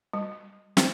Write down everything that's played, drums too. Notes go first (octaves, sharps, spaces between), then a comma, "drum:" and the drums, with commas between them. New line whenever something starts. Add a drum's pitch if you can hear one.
G3
C4, drum: snare